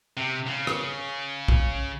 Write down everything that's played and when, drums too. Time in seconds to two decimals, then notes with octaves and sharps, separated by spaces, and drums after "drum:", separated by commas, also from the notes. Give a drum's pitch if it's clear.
0.17 C3
0.47 C#3
0.67 drum: rim click
1.48 drum: kick